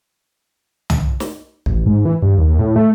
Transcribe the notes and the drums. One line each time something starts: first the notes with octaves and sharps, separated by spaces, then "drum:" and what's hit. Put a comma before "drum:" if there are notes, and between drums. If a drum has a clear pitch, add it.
drum: tom
drum: snare
A1, drum: kick
G#2
E3
G2
D#2
A2
A3